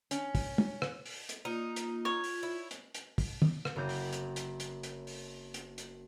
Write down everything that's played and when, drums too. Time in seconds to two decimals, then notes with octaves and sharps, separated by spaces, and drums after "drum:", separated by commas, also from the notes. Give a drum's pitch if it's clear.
0.11 C#4, drum: hi-hat
0.35 drum: kick, open hi-hat
0.58 drum: tom
0.82 drum: rim click
1.06 drum: open hi-hat
1.29 drum: hi-hat
1.45 A#3 D#4 F4
1.76 drum: hi-hat
2.05 F4 C#5
2.24 drum: open hi-hat
2.43 E4
2.71 drum: hi-hat
2.94 drum: hi-hat
3.18 drum: kick, open hi-hat
3.42 drum: tom
3.65 drum: rim click
3.76 F#1 C4 A#5 D6 G6
3.89 drum: open hi-hat
4.13 drum: hi-hat
4.36 drum: hi-hat
4.60 drum: hi-hat
4.83 drum: hi-hat
5.07 drum: open hi-hat
5.54 drum: hi-hat
5.78 drum: hi-hat